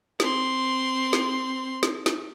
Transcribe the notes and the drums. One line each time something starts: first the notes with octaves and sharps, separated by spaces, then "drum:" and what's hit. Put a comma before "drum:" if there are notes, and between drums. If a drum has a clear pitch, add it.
C4 C6, drum: snare
drum: snare
drum: snare
drum: snare